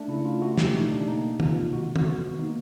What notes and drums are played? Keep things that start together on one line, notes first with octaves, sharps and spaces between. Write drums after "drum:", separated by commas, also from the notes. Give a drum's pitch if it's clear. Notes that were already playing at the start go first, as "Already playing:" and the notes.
Already playing: A3 D4
C#3 E4
F4
A3 F#4
G4, drum: snare
B2 D#4
D4
A#3 D#4
C3 F4, drum: tom
G#3 F#4
F#4, drum: tom
B3
A#3 D#4